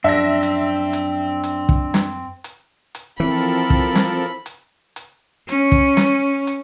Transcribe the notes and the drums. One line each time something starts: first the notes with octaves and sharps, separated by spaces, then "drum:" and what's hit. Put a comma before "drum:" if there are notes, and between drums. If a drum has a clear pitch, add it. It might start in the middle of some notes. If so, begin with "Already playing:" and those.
F#2 F3 C4 D4 E5 A#6
drum: hi-hat
drum: hi-hat
drum: hi-hat
drum: kick
drum: snare
drum: hi-hat
drum: hi-hat
E3 F3 C4 A4 A#4 B5
drum: kick
drum: snare
drum: hi-hat
drum: hi-hat
C#4, drum: hi-hat
drum: kick
drum: snare
drum: hi-hat